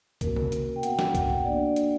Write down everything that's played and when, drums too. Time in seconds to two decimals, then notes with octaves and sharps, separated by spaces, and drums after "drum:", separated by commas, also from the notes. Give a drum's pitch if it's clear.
0.21 A#3 C#4 F#4 A#4, drum: kick C2, hi-hat
0.36 drum: tom C3
0.52 drum: hi-hat
0.76 G5
0.83 B3 F#4 F#5, drum: hi-hat
0.99 drum: snare
1.15 F#5, drum: kick C2, hi-hat
1.30 drum: tom G#2
1.45 A#3 D4 F#4 D5
1.66 D5
1.76 drum: hi-hat